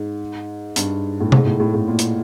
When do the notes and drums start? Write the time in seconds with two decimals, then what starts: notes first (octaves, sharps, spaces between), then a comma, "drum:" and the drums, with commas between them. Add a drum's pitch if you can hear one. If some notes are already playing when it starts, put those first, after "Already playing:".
Already playing: G#2
0.76 G2, drum: hi-hat
1.20 A2
1.32 G#2, drum: tom C3
1.46 A2
1.60 A2
1.74 A2
1.88 A#2
1.99 drum: hi-hat